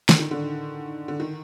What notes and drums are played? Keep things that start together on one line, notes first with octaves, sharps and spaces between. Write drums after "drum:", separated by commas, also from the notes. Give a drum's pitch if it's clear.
D3, drum: snare
D#3
D3
D3
D#3